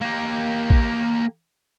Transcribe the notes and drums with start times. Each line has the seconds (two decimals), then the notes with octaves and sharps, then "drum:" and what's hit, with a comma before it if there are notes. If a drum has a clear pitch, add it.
0.01 A#3 G4
0.70 drum: kick